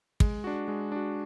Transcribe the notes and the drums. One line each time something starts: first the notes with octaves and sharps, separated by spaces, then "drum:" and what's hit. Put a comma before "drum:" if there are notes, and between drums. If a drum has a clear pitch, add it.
G#3, drum: kick
D4 F#4
G#3
D4 F#4